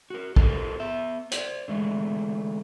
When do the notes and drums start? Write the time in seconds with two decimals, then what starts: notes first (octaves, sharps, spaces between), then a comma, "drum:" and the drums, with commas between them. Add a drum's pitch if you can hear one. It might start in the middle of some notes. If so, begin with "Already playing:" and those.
0.10 F#4 A#4
0.36 F4 G4 A4 A#4 C5 D#5, drum: kick
0.80 B3 E5
1.32 C5 D5, drum: hi-hat
1.68 D3 E3 G#3 A3